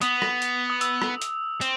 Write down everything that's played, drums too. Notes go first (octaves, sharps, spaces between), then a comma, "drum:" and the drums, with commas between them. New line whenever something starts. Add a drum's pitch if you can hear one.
B3 D#6, drum: hi-hat
drum: rim click
drum: hi-hat
D#6
E6, drum: hi-hat
drum: rim click
drum: hi-hat
C4, drum: hi-hat